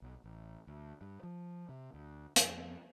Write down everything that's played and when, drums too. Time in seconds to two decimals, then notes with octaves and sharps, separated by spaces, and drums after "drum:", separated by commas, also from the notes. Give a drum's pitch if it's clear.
0.02 B1
0.24 A1
0.67 D2
1.01 G2
1.23 F3
1.69 C3
1.94 D2
2.36 F2, drum: hi-hat